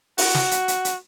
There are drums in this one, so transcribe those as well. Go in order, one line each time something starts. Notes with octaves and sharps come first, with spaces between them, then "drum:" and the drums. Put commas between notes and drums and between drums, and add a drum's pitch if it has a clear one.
F#4, drum: open hi-hat
drum: snare
drum: hi-hat
drum: hi-hat
drum: hi-hat